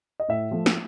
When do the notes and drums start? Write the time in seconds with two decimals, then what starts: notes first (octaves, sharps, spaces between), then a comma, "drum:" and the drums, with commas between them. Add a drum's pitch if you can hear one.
0.20 D#5
0.29 A2 E5
0.51 F3 A3
0.66 drum: snare